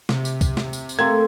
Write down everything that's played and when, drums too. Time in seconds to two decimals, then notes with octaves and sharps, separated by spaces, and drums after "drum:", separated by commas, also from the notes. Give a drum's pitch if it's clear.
0.09 C3, drum: snare
0.25 drum: tambourine
0.41 drum: kick, tambourine
0.57 drum: snare
0.73 drum: tambourine
0.89 drum: tambourine
0.99 A3 A#3 C4 C5 G#6